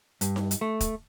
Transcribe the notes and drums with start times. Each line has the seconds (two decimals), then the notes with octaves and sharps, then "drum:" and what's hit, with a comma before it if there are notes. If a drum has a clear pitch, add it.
0.21 G2, drum: hi-hat
0.36 drum: snare D#4
0.51 drum: hi-hat
0.61 A3
0.80 drum: kick, hi-hat